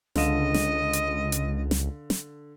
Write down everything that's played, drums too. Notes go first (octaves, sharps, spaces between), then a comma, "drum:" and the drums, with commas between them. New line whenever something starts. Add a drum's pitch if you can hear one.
C#2 D3 D#5 F5 E7, drum: snare
drum: snare
drum: hi-hat
drum: hi-hat
drum: snare
drum: snare